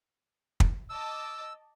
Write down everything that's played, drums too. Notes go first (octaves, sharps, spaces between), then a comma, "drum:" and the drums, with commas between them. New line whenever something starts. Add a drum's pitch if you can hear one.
drum: kick
D#5 A5 D6 E6